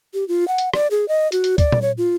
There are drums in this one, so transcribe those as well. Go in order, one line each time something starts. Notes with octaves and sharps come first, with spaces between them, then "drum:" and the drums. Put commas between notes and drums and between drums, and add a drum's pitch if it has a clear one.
G4
F4
F#5
drum: hi-hat
D5, drum: rim click
G#4
D#5
F#4, drum: hi-hat
drum: hi-hat
D5, drum: kick C#2, hi-hat
drum: tom A#2
C#5
F4